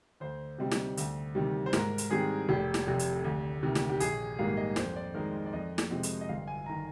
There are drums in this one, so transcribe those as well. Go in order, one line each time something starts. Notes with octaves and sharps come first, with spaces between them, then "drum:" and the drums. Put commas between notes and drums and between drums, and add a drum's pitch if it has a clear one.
D2 C5
C3 G3 C4 D#4
drum: snare
D2, drum: hi-hat
C3 D#3 G3
C5
G#2 A#4, drum: snare
drum: hi-hat
D#3 G3 C4 G#4
F1 G4
drum: snare
F2 C3
drum: hi-hat
D2
C3 D#3
drum: snare
G4
A#1 G#4, drum: hi-hat
G#2 D#3 G3 A#3 F5
D#5
F2 C5, drum: snare
D5
D#3 G#3 D#4 A#4
D5
F2 D#5
drum: snare
C3 F3 G#3 C4
drum: hi-hat
D#5
G1 F5
G#5
D#3 A#5